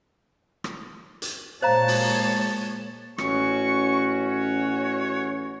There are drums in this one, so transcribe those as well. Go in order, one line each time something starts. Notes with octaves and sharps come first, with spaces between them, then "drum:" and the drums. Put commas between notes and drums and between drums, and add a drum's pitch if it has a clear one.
drum: rim click
drum: hi-hat
A#2 G#3 C5 C#5 F5 A5 A#5
drum: open hi-hat
A1 C#4 F#4 C#6, drum: rim click
C#5